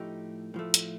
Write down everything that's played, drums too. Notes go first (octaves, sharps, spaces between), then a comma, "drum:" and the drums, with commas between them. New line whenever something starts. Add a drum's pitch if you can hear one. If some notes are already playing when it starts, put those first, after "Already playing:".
Already playing: A2 F3 A3 D#4 G4
A2 F3 A3
drum: hi-hat